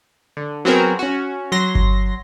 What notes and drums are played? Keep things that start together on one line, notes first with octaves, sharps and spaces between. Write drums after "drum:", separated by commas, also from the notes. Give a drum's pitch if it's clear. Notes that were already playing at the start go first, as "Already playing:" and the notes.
D3
F#3 B3 C4 F#4 G#4 A#4
C#4 F#4
F#3 C6 A#6
drum: kick G1